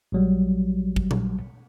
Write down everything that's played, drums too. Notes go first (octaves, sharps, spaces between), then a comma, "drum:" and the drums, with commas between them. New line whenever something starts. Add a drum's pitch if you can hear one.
A#1 F#3 G3
drum: kick
drum: tom A#2